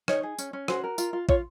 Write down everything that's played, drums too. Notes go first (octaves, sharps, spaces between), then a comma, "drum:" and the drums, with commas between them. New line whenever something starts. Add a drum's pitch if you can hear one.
D#4 C#5, drum: rim click
G#4
C#4, drum: tambourine
C#4
F#4 C5, drum: rim click
A#4
F4, drum: tambourine
F4
F4 C#5, drum: kick